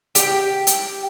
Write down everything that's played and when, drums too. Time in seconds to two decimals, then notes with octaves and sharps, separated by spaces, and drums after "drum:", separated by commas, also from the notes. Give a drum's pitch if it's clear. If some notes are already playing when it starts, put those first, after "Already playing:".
0.15 G4 G5, drum: hi-hat
0.67 drum: hi-hat